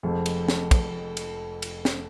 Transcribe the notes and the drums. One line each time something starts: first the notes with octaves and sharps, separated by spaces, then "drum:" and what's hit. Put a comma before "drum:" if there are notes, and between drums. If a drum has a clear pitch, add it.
F1 F2 F3 G#3
drum: cymbal
drum: snare
drum: kick, cymbal
drum: cymbal
drum: cymbal
drum: snare